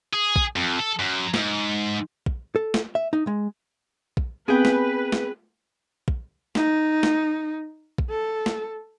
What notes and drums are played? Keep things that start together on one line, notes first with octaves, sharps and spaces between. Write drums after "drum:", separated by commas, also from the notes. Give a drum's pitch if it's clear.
G#4
drum: kick
F2
A4
F#2
G#2, drum: snare
drum: kick
A4
drum: snare
E5
D#4
G#3
drum: kick
B3 C4 G#4 B4 G5
drum: snare
drum: snare
drum: kick
D#4, drum: snare
drum: snare
drum: kick
A4
drum: snare